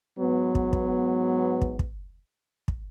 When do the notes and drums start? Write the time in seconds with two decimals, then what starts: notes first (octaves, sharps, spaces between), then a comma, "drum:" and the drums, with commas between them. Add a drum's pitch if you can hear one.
0.20 G#2 F#3 B3
0.55 drum: kick
0.73 drum: kick
1.61 drum: kick
1.79 drum: kick
2.68 drum: kick